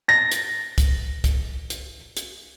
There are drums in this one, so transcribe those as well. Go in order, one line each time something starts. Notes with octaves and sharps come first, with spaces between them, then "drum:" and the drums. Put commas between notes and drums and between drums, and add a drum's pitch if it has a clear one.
A6 A#6
drum: hi-hat
drum: kick C2, hi-hat
drum: kick C2, hi-hat
drum: hi-hat
drum: hi-hat